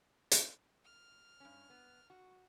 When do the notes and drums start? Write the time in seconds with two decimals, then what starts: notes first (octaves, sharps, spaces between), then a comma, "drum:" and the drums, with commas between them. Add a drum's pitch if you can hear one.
0.31 drum: hi-hat
0.85 F6
1.40 G2 C#4
1.70 B3
2.10 F#4